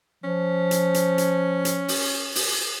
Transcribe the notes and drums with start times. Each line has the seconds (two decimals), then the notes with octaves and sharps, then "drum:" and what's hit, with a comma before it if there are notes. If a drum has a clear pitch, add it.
0.24 F3 C#4
0.71 drum: hi-hat
0.94 drum: hi-hat
1.18 drum: hi-hat
1.65 drum: hi-hat
1.88 drum: open hi-hat
2.35 drum: open hi-hat